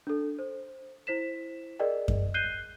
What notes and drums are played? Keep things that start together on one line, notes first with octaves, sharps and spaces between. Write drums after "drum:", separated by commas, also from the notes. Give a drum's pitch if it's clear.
D4 A4
C5
E4 C5 B6 E7
G#4 A#4 D5 D#5 G5
drum: kick F#2
F#6 G6 C7 D#7 G7